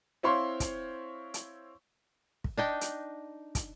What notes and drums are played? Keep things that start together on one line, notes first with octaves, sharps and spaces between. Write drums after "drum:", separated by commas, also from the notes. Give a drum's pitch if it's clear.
C4 E4 C5 C#5 F5 C6
drum: kick, hi-hat
drum: hi-hat
drum: kick
D4 D#4 G5
drum: hi-hat
drum: kick, hi-hat